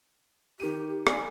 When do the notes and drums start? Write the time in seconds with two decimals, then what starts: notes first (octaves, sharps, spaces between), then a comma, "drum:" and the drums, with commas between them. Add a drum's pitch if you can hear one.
0.60 D#3 G4 D#7
1.07 D5 G#5, drum: rim click